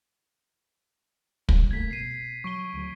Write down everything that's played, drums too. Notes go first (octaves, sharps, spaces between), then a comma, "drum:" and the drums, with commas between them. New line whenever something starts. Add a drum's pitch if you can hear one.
G3, drum: kick
G1 A3 A#3 G#6 B6
B2 C7 D#7
F#3 C#6 D7 G7
D2 F#3